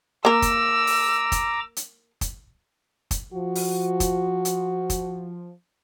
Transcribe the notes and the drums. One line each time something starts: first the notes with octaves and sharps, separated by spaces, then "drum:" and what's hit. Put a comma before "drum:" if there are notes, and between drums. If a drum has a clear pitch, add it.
A#3 A#4 A#5 D6 E6
drum: kick, hi-hat
drum: open hi-hat
drum: kick, hi-hat
drum: hi-hat
drum: kick, hi-hat
drum: kick, hi-hat
F3 F#4
drum: open hi-hat
drum: kick, hi-hat
drum: hi-hat
drum: kick, hi-hat